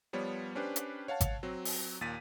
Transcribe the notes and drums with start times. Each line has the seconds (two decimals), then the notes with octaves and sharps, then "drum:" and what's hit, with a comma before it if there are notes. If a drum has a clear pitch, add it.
0.13 F3 G3 B3 C#5
0.55 C#4 D4 G4 B4 C5
0.76 drum: hi-hat
1.08 C#5 F5 F#5 A5
1.20 drum: kick G#1, hi-hat
1.43 F#3 C4
1.65 drum: open hi-hat
2.01 D#2 A#2 A6 B6 D#7